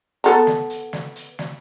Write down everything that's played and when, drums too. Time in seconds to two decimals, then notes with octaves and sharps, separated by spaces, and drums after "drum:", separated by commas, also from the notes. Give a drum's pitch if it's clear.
0.24 B3 A4 A#5, drum: hi-hat
0.47 drum: snare
0.70 drum: hi-hat
0.93 drum: snare
1.16 drum: hi-hat
1.39 drum: snare